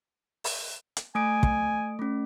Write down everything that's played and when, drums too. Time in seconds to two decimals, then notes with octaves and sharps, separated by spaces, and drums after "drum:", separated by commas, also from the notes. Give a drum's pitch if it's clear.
0.44 drum: open hi-hat
0.97 drum: hi-hat
1.15 A3 G#5 D#6 D7
1.43 drum: kick
1.99 A3 C#4